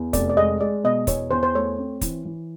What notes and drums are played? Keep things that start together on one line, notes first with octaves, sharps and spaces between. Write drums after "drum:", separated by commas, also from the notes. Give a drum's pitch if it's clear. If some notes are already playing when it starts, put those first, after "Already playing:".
Already playing: E2
F1 D5, drum: kick, hi-hat
D5
G#3 D#5
G#3 D5
B2 D#5
E2 C#5, drum: kick, hi-hat
E2 C5
C5
A3 C#5
C4
E3, drum: kick, hi-hat
E3